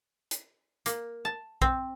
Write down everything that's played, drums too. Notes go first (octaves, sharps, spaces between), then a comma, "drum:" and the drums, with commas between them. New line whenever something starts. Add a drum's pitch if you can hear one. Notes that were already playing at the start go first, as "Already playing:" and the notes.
drum: hi-hat
A#3, drum: hi-hat
A5
C4, drum: kick